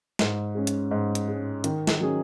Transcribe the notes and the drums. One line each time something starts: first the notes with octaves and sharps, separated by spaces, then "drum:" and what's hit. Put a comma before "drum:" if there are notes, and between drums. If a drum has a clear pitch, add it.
G#2, drum: snare
G#3 C#4
drum: hi-hat
G#2
drum: hi-hat
G#3 C#4
D#3, drum: hi-hat
drum: snare
F#3 C#4 G#4